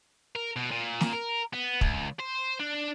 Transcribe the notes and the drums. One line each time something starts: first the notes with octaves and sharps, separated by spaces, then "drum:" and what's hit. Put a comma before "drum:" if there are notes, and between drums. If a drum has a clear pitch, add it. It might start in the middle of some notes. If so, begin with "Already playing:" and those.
A#4
B2
A#2
drum: snare
A#4
B3
C#2, drum: kick
C5
D4